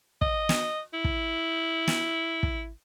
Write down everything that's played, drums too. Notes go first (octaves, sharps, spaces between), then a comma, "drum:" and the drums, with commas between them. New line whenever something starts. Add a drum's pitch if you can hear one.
D#5, drum: kick
drum: snare
E4
drum: kick
drum: snare
drum: kick